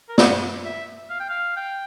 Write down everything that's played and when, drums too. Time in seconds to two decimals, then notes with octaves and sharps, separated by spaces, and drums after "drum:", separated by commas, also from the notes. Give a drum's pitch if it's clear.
0.09 A#4
0.18 C5, drum: snare
0.65 E5
1.10 F5
1.20 G5
1.29 F5
1.56 G5